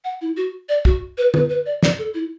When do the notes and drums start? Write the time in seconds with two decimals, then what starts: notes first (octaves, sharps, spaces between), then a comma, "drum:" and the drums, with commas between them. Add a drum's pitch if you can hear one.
0.04 F#5
0.21 E4
0.37 F#4
0.69 D5
0.85 F#4, drum: kick
1.18 B4
1.34 B4, drum: tom
1.50 B4
1.66 D5
1.83 D5, drum: snare
1.99 A4
2.14 E4